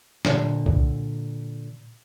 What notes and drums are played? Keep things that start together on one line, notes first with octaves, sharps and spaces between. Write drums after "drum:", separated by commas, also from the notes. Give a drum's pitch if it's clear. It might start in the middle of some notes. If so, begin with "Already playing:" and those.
A#2 D3, drum: snare
drum: kick C2